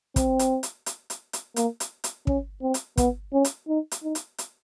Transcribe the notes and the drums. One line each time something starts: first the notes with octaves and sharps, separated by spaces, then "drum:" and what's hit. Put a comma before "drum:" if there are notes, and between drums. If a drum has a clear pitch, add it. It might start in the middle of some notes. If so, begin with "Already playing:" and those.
C4, drum: kick, hi-hat
drum: hi-hat
drum: hi-hat
drum: hi-hat
drum: hi-hat
drum: hi-hat
A#3, drum: hi-hat
drum: hi-hat
drum: hi-hat
C#4, drum: kick
C4
drum: hi-hat
B3, drum: kick, hi-hat
C#4
drum: hi-hat
D#4
drum: hi-hat
D#4
drum: hi-hat
drum: hi-hat